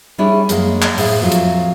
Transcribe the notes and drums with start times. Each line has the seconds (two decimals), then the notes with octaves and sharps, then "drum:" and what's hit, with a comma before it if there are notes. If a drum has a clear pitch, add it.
0.18 G3 C#4 D4 E4 G#4
0.49 F#2 G#3 A#3, drum: hi-hat
0.82 drum: clap
0.98 A2 A3 G#4 C5 F5, drum: open hi-hat
1.21 F2 F#3 A3 F4
1.32 drum: hi-hat